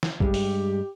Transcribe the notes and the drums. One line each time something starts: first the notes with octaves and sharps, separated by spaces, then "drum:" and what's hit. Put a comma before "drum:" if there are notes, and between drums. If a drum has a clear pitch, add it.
drum: snare
G2 G3 G#3 G4, drum: kick
drum: open hi-hat